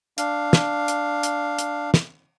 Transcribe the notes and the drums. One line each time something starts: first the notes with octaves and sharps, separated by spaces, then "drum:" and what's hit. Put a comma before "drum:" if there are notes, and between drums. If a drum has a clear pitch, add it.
D4 F5, drum: hi-hat
drum: snare
drum: hi-hat
drum: hi-hat
drum: hi-hat
drum: snare